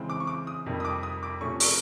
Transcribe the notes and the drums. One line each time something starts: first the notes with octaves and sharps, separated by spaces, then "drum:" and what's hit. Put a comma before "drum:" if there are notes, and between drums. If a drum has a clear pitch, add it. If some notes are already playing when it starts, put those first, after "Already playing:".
Already playing: C#3 E3 G#3 C4
D6
C#6
D6
D#6
F2 C3 D#3 G3 A#3
D#6
D6
D#6
D6
C3 F3 A3 C#4 C#6
C#6, drum: open hi-hat